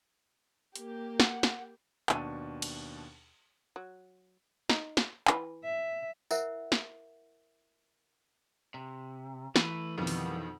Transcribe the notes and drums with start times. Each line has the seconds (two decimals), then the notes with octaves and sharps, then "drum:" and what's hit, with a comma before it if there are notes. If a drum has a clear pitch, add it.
0.76 A#3 G4, drum: hi-hat
1.20 F#5, drum: snare
1.43 drum: snare
2.09 D#2 B2 D4 A5 C#6 D#7, drum: clap
2.62 drum: cymbal
3.76 F#3
4.69 D#4, drum: snare
4.97 drum: snare
5.27 E3 B4, drum: clap
5.64 E5
6.31 E4 A#4 C5 E5 F#5, drum: tambourine
6.72 drum: snare
8.74 C3
9.56 E3 A3 B4, drum: snare
9.98 F2 B2 D#3 G3 B3
10.07 drum: open hi-hat